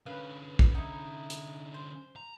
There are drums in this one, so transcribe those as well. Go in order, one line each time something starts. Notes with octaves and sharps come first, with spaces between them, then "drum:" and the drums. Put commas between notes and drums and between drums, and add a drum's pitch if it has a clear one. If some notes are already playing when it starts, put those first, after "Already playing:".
D3 C#4 B4 F5
drum: kick
D#4 E4
drum: hi-hat
C5
A#5